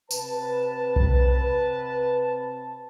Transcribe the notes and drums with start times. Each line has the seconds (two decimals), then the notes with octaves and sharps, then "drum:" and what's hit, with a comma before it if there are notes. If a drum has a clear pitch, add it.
0.11 C3 B4 A5, drum: tambourine
0.96 drum: kick B1